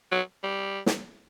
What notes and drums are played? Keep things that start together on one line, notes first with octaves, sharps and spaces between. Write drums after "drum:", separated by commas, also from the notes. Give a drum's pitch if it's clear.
F#3
G3
drum: snare